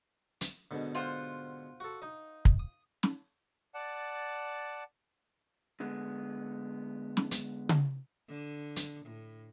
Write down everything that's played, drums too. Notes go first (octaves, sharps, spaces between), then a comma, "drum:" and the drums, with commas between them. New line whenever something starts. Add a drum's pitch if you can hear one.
drum: hi-hat
G#2 B2 D3
F4 C5 F#5
F#4 A4
D#4 D#5
drum: kick
D#6
drum: snare
D5 F#5 A5
D3 G#3 B3
drum: snare
drum: hi-hat
drum: tom C#3
D3
drum: hi-hat
A2